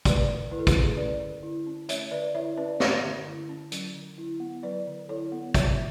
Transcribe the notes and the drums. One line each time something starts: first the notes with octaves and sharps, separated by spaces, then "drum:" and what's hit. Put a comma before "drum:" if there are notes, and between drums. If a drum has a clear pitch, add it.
A3 B4 D5, drum: kick, hi-hat
D3
E4 B4
A4
G#4 B4, drum: kick, hi-hat
C#4
A3 B4 D5
D3
E4
C#4
A3 C#5 E5, drum: hi-hat
D3 B4 D5
E4 C#5 E5
C#4 B4 D5
A3 C#5 E5, drum: snare
D3
E4
C#4
F#3, drum: hi-hat
D3
E4
B3
F#3 B4 D5
D3
E4 A4 C#5
B3
F#3 C#5 E5, drum: kick, hi-hat